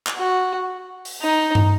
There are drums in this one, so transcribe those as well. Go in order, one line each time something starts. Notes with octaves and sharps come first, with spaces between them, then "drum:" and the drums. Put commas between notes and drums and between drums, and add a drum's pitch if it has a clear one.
drum: clap
F#4
drum: open hi-hat
D#4
drum: tom G2